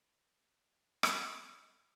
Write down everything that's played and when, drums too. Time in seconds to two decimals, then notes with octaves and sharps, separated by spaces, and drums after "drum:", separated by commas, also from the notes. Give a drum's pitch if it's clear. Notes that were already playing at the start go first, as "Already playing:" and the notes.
Already playing: G#2 D#3 F#3
0.34 G5
0.40 F#5
0.63 G5
0.76 G#5
1.03 drum: rim click
1.35 B2 F#3 A3 C#4 G5
1.47 F#5
1.59 G5
1.71 G#5